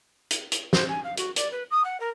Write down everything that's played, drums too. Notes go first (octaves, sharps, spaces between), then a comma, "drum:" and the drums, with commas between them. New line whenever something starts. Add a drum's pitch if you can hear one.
drum: hi-hat
drum: hi-hat
C5, drum: snare
G#5
F5
F#4, drum: hi-hat
D5, drum: hi-hat
B4
D#6
F#5
A#4